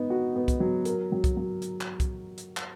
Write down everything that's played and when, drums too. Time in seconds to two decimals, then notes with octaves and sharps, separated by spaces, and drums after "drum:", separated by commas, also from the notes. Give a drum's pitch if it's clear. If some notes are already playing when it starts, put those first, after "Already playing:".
Already playing: B3 D#4
0.10 F#4
0.36 B3
0.48 drum: kick C2, hi-hat
0.60 F#3
0.85 A#4, drum: hi-hat
1.12 F#3
1.24 drum: kick C2, hi-hat
1.37 F#3
1.62 drum: hi-hat
1.81 drum: clap
2.00 drum: kick C2, hi-hat
2.38 drum: hi-hat
2.57 drum: clap